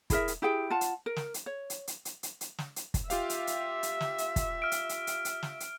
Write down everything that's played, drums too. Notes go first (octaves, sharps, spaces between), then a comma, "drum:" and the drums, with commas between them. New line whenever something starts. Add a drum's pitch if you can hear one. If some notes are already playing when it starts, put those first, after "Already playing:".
E4 G#4 A#4 E5, drum: kick, hi-hat
drum: hi-hat
E4 G4 G#4 G5
F4 F#5 A5
drum: hi-hat
A#4
drum: snare
drum: hi-hat
C#5
drum: hi-hat
drum: hi-hat
drum: hi-hat
drum: hi-hat
drum: hi-hat
drum: snare
drum: hi-hat
drum: kick, hi-hat
F4 G4 E5 F5, drum: hi-hat
drum: hi-hat
drum: hi-hat
drum: hi-hat
drum: snare
drum: hi-hat
drum: kick, hi-hat
F6 D7
drum: hi-hat
drum: hi-hat
drum: hi-hat
drum: hi-hat
drum: snare
drum: hi-hat